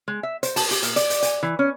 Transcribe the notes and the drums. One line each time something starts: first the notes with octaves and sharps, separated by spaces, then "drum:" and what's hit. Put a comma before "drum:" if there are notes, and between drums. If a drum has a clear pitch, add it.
G#3
E5
C5, drum: hi-hat
A5, drum: open hi-hat
G4, drum: hi-hat
A#2, drum: hi-hat
D5, drum: hi-hat
drum: hi-hat
G#5, drum: hi-hat
E3
C#4